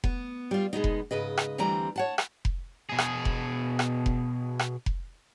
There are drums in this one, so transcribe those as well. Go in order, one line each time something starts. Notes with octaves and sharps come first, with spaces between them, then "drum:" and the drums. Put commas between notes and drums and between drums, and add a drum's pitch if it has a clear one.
B3, drum: kick F1
G3 F4
B2 G#3 B3 D#4
drum: kick F1
G#2 C#3 B4 D#5
drum: rim click
D2 E3 G3 C4 A#5
C#5 F#5 A5
drum: rim click
drum: kick F1
B2 G#4
drum: rim click
drum: kick F1
drum: rim click
drum: kick F1
drum: rim click
drum: kick F1